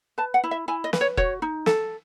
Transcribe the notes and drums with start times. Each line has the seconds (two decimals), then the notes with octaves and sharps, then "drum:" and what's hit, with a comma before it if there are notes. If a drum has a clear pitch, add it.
0.18 B4 A5
0.34 F#5
0.44 E4
0.51 E5
0.68 E4 G#5
0.84 D#5
0.93 B4, drum: snare
1.01 C#5
1.17 F#4 C#5, drum: kick
1.42 D#4
1.66 A4, drum: snare